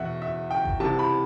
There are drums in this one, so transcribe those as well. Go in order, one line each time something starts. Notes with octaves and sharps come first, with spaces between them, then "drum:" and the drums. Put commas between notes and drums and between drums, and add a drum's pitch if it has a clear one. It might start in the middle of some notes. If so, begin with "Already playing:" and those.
Already playing: E2 B2 E5 F#5
E5
G5
drum: kick F#1
C2 C3 E3 A5
B5